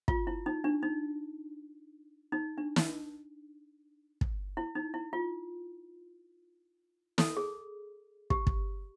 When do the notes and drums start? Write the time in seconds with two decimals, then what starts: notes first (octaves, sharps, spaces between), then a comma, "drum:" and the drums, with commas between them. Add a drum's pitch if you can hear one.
0.08 F4, drum: kick
0.27 E4
0.46 D#4
0.64 D4
0.83 D#4
2.32 D#4
2.58 D4
2.76 drum: snare
4.21 drum: kick
4.57 E4
4.75 D#4
4.94 E4
5.13 F4
7.18 A4, drum: snare
7.37 G#4
8.30 G4, drum: kick
8.47 drum: kick